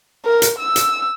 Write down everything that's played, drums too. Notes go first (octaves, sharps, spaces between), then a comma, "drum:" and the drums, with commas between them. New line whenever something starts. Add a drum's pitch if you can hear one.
A#4
drum: hi-hat
E6
drum: hi-hat